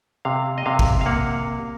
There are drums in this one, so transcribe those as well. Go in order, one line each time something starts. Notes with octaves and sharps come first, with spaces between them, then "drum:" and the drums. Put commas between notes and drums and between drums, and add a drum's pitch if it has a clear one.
C3 F5
D#5
C3 F5
drum: kick A1
F5
A#3 F#5